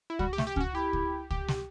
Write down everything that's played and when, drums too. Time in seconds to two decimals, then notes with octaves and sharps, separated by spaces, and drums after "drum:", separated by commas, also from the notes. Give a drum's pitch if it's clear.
0.10 E4
0.19 G3 F#4, drum: kick C#2
0.33 G4
0.38 A3, drum: snare
0.47 G4
0.56 C#4, drum: kick C#2
0.61 F#4
0.75 E4 G4
0.93 drum: kick C#2
1.31 G4, drum: kick C#2
1.48 drum: snare